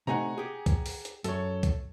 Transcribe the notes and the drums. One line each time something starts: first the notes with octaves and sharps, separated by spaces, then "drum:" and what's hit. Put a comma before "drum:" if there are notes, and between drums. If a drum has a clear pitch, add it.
C3 A3 D#4 F#5 G#5 A#5
G4 G#4
drum: kick C2, hi-hat
drum: open hi-hat
drum: hi-hat
F#2 A4 C#5, drum: hi-hat
drum: kick C2, hi-hat